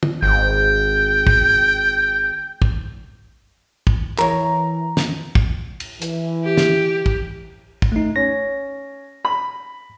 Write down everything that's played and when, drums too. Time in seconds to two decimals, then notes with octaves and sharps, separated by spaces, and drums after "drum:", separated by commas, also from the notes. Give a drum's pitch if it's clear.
0.03 drum: tom
0.22 G#1 G5
1.27 drum: kick
2.62 drum: kick
3.87 drum: kick
4.19 E3 A#4 C#5 A#5, drum: clap
4.97 drum: snare
5.35 drum: kick
5.80 drum: cymbal
6.02 E3, drum: hi-hat
6.44 G4
6.57 drum: snare
7.06 drum: kick
7.82 drum: kick
7.92 A3 D#4
8.16 C#4 A#6
9.25 B5